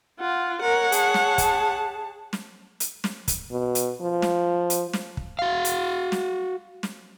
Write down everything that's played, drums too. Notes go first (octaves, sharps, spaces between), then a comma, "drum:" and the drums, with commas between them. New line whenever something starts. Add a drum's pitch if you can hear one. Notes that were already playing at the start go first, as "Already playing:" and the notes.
F4 F#5
A#4 C#5 F#5
G#4 A5, drum: hi-hat
drum: snare
drum: kick, hi-hat
drum: snare
drum: hi-hat
drum: snare
drum: kick, hi-hat
B2
drum: hi-hat
F3
drum: snare
drum: hi-hat
drum: snare
drum: kick
F#4 F5
drum: hi-hat
drum: snare
drum: snare